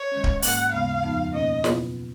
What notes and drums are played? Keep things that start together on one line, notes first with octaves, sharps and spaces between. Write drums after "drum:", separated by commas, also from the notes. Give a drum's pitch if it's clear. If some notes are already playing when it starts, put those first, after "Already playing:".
Already playing: C#5
D#3 G#3 C#4
drum: kick D1
G#2 D#3 A#3 C#4 F#5, drum: open hi-hat
D#2 C#3 G#3 B3 F5
F2 F3 B3 D#4
B2 A#3 C#4 D#5
B2 F#3 B3 F4, drum: snare